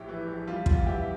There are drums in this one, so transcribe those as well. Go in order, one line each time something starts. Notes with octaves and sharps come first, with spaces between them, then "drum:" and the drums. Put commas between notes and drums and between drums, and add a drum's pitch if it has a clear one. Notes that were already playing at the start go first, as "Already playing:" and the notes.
Already playing: A#1 A2 E4 G4
E3
A#1
G3 F4
E2 F4, drum: kick
E3 E4 G4